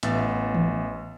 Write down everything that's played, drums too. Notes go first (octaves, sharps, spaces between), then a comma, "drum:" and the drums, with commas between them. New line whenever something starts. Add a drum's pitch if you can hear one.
A1 B3 E5 A6, drum: hi-hat
drum: tom D#3